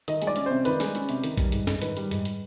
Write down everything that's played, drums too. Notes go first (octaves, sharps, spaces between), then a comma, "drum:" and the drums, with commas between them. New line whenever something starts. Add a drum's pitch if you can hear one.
D#3 D#5, drum: hi-hat
G#3, drum: hi-hat
D5
C#4, drum: hi-hat
C3 C5
D#3 B4, drum: hi-hat
G#3, drum: snare
C#4, drum: hi-hat
C3, drum: hi-hat
D#3, drum: hi-hat
G3, drum: kick A#1, hi-hat
G#2, drum: hi-hat
G#2, drum: snare
D#3 B4, drum: hi-hat
G3, drum: hi-hat
G#2, drum: hi-hat
drum: hi-hat